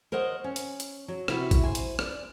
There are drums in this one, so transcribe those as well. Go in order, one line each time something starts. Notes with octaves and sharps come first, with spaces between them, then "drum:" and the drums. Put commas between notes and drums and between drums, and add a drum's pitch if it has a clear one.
A#4 C5 C#5 D#5 F#5
C#4
drum: hi-hat
drum: hi-hat
F#3
C3 E4 F#4, drum: rim click
drum: kick A#1, hi-hat
C5 G#5
drum: hi-hat
D5, drum: rim click